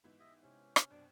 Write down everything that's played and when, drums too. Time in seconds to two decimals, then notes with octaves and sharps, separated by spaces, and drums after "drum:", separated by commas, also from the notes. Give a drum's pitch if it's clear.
0.04 G#2 E3 B3 E4 D#5 E5
0.20 G4 D#5 E5
0.43 C3 C#4 G4 C5
0.76 drum: rim click
0.90 F#2 B2 C4 D4